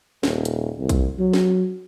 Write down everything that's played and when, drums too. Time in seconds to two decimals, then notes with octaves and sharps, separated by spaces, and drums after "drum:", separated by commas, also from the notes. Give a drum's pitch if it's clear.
0.23 D#1, drum: snare
0.45 drum: hi-hat
0.79 C2
0.89 drum: kick, hi-hat
1.19 F#3
1.33 drum: snare